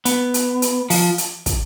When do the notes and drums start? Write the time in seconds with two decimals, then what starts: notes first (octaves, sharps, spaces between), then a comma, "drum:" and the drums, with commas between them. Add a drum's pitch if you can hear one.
0.05 B3, drum: hi-hat
0.34 drum: hi-hat
0.62 drum: hi-hat
0.90 F3, drum: open hi-hat
1.18 drum: hi-hat
1.46 drum: kick, hi-hat